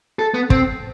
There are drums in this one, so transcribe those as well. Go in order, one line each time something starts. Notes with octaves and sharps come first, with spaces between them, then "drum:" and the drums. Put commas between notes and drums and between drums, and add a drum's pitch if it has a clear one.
A4
B3
C4, drum: kick